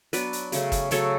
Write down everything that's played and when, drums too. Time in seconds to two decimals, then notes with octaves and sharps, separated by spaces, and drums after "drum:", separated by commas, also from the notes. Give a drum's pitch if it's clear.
0.13 F#3 B3 D4 B4 D5, drum: hi-hat
0.33 drum: hi-hat
0.52 C#3 F#3 A3 C#4, drum: hi-hat
0.72 drum: kick, hi-hat
0.91 C#3 F#3 A3 C#4 A4 C#5, drum: hi-hat